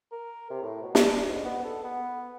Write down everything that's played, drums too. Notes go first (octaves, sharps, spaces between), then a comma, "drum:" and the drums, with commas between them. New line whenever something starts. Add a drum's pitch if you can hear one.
A#4
C3
A2
B2
D4, drum: snare
G#2
B3
A4
B3